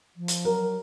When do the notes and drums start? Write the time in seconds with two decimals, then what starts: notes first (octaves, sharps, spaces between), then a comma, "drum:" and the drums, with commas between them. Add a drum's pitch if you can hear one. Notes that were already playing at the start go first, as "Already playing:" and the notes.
0.16 F3
0.28 drum: hi-hat
0.45 F#3 A#4